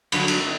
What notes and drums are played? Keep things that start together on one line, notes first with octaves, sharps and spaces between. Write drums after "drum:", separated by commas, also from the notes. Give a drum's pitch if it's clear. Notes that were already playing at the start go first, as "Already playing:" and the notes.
G2 D3 F#3, drum: cymbal
drum: cymbal